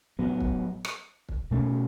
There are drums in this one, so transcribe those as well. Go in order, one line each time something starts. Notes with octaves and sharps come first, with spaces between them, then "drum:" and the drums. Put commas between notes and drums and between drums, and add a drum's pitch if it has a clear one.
A2 F#3 B3
drum: kick
drum: rim click
drum: kick
B2 A3 C#4